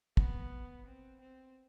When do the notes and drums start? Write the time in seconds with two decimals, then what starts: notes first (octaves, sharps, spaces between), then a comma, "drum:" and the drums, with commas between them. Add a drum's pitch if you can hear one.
0.17 B3, drum: kick
0.86 C4
1.20 C4